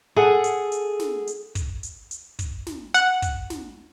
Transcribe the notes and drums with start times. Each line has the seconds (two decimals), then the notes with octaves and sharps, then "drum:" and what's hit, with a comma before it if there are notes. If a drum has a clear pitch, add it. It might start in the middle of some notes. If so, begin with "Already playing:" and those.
0.16 G#4 A4 F#5 G#5
0.44 drum: hi-hat
0.72 drum: hi-hat
1.00 drum: snare
1.27 drum: hi-hat
1.55 drum: kick, hi-hat
1.83 drum: hi-hat
2.11 drum: hi-hat
2.39 drum: kick, hi-hat
2.67 drum: snare
2.94 F#5, drum: hi-hat
3.22 drum: kick, hi-hat
3.50 drum: snare